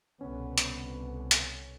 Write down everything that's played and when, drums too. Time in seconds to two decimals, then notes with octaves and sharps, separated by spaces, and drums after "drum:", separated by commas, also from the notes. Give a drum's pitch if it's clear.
0.21 C2 B2 D3 B3 C#4
0.58 drum: hi-hat
1.31 drum: hi-hat